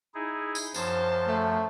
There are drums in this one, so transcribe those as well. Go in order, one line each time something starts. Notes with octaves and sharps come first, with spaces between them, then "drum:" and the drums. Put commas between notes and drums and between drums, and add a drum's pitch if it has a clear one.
D#4 E4 G#4
drum: tambourine
F#2 F3 C5 A5, drum: tambourine
A3